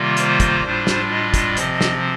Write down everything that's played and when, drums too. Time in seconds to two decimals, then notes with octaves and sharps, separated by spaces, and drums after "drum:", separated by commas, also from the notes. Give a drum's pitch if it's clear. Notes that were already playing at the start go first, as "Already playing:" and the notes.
Already playing: C3 D#3 G3 A#3 F4
0.17 C5, drum: hi-hat
0.40 drum: kick, hi-hat
0.64 A2 G3 D4 F4
0.87 drum: snare
1.10 D#5
1.34 drum: kick, hi-hat
1.57 C3 F3 C4, drum: hi-hat
1.81 drum: snare